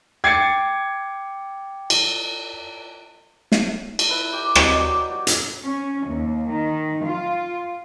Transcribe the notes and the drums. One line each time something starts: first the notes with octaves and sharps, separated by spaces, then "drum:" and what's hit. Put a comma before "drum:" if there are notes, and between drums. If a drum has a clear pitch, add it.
G5 D6 G#6 A6 C7 C#7
drum: cymbal
drum: snare
drum: cymbal
E4 B4
G4
F#3 G4 C#5 D#5, drum: rim click
D5
F#4
drum: hi-hat
C#4
D#2
D#3
F4